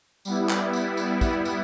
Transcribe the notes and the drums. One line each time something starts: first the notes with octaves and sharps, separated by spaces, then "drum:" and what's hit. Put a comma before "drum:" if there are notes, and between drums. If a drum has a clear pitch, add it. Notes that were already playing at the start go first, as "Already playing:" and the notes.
G3 B3 E4, drum: tambourine
drum: clap
drum: tambourine
drum: tambourine
drum: kick, tambourine
drum: tambourine